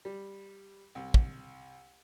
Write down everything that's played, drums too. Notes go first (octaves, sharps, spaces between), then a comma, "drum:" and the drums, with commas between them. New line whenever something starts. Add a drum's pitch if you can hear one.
G3
C2
drum: kick